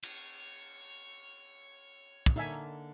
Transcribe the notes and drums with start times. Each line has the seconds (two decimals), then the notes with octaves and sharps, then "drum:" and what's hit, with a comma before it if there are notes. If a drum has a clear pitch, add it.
0.03 C#5, drum: cymbal
2.26 drum: kick
2.36 D3 A#3 D#4 E5 G#5